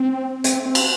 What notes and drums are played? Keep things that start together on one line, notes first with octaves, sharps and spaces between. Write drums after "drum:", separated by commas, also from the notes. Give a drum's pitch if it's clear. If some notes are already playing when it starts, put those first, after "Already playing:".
Already playing: C4
C4, drum: hi-hat
C4
drum: cymbal